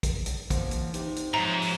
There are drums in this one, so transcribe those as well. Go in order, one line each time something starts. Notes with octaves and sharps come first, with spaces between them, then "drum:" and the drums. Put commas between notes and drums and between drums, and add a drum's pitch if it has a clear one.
drum: kick, hi-hat
drum: hi-hat
E2 F3 A#3 F#5, drum: kick, hi-hat
drum: hi-hat
C3 D#4, drum: hi-hat
drum: hi-hat
G#2 F3 C#5 E5 A#5
drum: open hi-hat